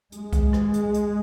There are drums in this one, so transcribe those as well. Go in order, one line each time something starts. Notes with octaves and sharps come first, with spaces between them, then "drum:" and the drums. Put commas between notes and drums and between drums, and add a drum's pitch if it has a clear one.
G#3, drum: hi-hat
drum: kick C2, hi-hat
drum: rim click
drum: hi-hat
drum: hi-hat